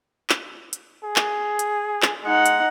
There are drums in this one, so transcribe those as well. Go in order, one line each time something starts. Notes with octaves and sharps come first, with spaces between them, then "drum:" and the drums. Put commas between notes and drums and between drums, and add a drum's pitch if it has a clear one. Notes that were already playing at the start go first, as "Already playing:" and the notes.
drum: clap
drum: hi-hat
G#4
drum: clap
drum: hi-hat
drum: clap
G#3 D#4 F#5
drum: hi-hat